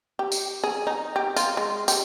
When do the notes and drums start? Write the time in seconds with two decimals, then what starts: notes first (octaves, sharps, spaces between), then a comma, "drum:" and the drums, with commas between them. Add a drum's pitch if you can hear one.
0.19 G4
0.32 drum: tambourine
0.64 G#4
0.87 D#4
1.16 G4
1.36 F4, drum: tambourine
1.57 G#3
1.88 G4, drum: tambourine